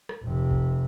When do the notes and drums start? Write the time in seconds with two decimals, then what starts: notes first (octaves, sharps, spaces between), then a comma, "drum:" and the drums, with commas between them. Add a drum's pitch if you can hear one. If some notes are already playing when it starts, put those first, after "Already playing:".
0.09 drum: rim click
0.23 F1 C3
0.51 drum: kick G#1